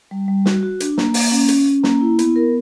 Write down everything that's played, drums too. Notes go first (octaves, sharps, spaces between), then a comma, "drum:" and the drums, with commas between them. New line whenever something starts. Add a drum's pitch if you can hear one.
G3
G3
F#4, drum: snare
F#4
D4, drum: hi-hat
A#3, drum: snare
A#3, drum: open hi-hat
C#4
C#4, drum: hi-hat
C#4
A#3, drum: snare
E4
B3, drum: hi-hat
A#4